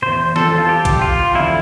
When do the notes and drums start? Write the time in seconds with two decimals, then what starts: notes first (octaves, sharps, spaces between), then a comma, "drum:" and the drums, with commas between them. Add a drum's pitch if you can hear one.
0.02 E2 B2 C5
0.36 A4, drum: snare
0.58 F4
0.69 G4
0.85 drum: kick, cymbal
1.02 F4
1.35 E2 D3 F3 E4